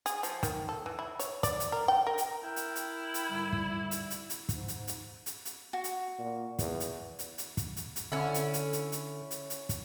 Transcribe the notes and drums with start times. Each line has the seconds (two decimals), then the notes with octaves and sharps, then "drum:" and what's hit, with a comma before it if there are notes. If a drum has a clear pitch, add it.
0.06 G#4, drum: hi-hat
0.23 F3, drum: hi-hat
0.43 D#3, drum: kick, hi-hat
0.69 A4
0.86 E3
0.99 E4
1.19 C#5, drum: hi-hat
1.43 D5, drum: kick, hi-hat
1.60 drum: hi-hat
1.72 A#4
1.88 G5
2.07 A#4
2.18 drum: hi-hat
2.43 E4 A#4 G5
2.56 drum: hi-hat
2.76 drum: hi-hat
3.14 drum: hi-hat
3.30 G#2 D3 G3
3.53 drum: kick
3.91 drum: hi-hat
4.10 drum: hi-hat
4.30 drum: hi-hat
4.49 G#2, drum: kick, hi-hat
4.68 drum: hi-hat
4.87 drum: hi-hat
5.26 drum: hi-hat
5.45 drum: hi-hat
5.73 F#4
5.84 drum: hi-hat
6.19 A#2
6.59 E2, drum: kick, hi-hat
6.80 drum: hi-hat
7.19 drum: hi-hat
7.38 drum: hi-hat
7.57 drum: kick, hi-hat
7.76 drum: hi-hat
7.96 drum: hi-hat
8.12 D3 C#4 E4
8.34 drum: hi-hat
8.54 drum: hi-hat
8.73 drum: hi-hat
8.92 drum: hi-hat
9.31 drum: hi-hat
9.50 drum: hi-hat
9.69 drum: kick, hi-hat